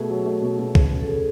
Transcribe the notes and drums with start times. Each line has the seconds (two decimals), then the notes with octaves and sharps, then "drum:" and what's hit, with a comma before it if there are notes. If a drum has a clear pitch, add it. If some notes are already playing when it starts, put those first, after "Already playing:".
Already playing: B2 A3 G#4
0.10 F#3
0.26 A3
0.42 B2
0.59 B2
0.75 C#3 G#4, drum: kick
0.91 C#3
1.00 A4
1.08 C#3